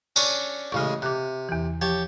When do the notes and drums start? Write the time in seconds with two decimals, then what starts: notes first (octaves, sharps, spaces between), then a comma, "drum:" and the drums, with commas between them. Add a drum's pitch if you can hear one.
0.16 C#4 D4 C#5, drum: tambourine
0.72 A1 C#3 G#3 C#6 F6
1.02 C3 D6 F#6
1.49 E2 E3
1.81 F3 G4 C#5 A5